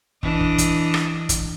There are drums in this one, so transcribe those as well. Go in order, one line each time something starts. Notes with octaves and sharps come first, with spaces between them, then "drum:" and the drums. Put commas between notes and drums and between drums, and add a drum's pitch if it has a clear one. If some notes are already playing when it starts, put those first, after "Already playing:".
E3 D4 D#5, drum: kick
drum: kick
drum: kick, hi-hat
drum: rim click
drum: kick, hi-hat